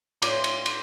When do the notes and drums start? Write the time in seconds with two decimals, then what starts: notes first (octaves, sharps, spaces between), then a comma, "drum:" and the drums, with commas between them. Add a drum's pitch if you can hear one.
0.22 A2 F4 C#5 D5 C6 D6, drum: cymbal
0.44 drum: cymbal
0.66 drum: cymbal